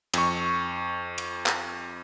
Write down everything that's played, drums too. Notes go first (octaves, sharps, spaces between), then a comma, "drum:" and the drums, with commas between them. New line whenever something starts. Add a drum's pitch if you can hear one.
F2 C#6, drum: cymbal
drum: cymbal
drum: clap